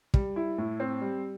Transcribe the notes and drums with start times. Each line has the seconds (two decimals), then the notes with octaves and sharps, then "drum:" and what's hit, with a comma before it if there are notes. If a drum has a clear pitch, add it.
0.14 G3, drum: kick
0.36 E4
0.58 A2
0.80 C4
1.01 G3